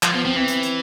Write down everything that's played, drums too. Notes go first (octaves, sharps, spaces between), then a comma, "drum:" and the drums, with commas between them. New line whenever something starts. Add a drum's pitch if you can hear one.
F3, drum: clap
F3 B3
F3 C4
E3 C4
drum: hi-hat
drum: hi-hat